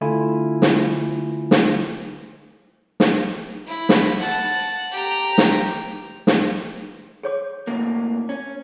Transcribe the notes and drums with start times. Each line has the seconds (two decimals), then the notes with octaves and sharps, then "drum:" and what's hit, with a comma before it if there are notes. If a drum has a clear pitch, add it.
0.01 D3 A3 E4 F4 G#5
0.62 drum: snare
1.51 drum: snare
3.00 drum: snare
3.67 E4
3.89 drum: snare
4.19 F#5 A5
4.92 G4 A#5
5.38 drum: snare
6.27 drum: snare
7.23 G#4 C#5 D6
7.67 A2 C#3 A#3
8.29 C#4